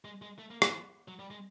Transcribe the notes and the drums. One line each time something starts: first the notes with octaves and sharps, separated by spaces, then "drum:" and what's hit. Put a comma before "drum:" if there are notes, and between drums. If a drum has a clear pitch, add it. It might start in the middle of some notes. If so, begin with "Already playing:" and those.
G#3
G#3
A3
A#3
F3, drum: rim click
F#3
G3
G#3